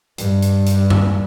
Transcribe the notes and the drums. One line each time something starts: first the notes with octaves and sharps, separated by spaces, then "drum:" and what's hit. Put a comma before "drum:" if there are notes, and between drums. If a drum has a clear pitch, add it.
G2, drum: hi-hat
drum: hi-hat
drum: hi-hat
drum: tom F#2